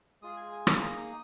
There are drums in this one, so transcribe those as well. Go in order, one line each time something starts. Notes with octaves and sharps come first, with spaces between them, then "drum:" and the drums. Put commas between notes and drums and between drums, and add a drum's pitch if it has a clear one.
G#3 F4 G#4 D#6
G#5
G#5
A#3 D#4 G#4 G#5, drum: rim click
A#5
D#6